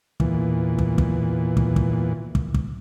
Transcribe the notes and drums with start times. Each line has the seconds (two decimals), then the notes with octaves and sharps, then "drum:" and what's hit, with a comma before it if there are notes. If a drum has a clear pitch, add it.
0.20 E2 A#2 E3, drum: kick
0.78 drum: kick
0.98 drum: kick
1.57 drum: kick
1.76 drum: kick
2.35 drum: kick
2.54 drum: kick